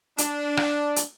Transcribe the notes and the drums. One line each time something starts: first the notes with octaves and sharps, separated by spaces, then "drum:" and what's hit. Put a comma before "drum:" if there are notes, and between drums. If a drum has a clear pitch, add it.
D4, drum: hi-hat
drum: rim click
drum: hi-hat